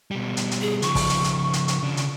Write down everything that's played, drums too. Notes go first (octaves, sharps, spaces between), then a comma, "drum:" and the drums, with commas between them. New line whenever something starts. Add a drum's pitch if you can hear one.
B2 G3
drum: hi-hat
drum: hi-hat
G#4
C#3 F3 C#6, drum: hi-hat
drum: kick, open hi-hat
drum: hi-hat
drum: hi-hat
drum: hi-hat
drum: hi-hat
C#3 D4
drum: hi-hat